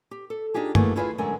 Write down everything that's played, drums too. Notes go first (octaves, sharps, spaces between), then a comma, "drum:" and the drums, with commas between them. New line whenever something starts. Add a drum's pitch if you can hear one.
G4
A4
D4 D#4 F4 G4 G#4
E3 F#3 A3 A#3 E4 G#4, drum: tom G2
E4 F4 G#4 B4 E5 F5
F#2 D3 G#3 A3 A#4 G#5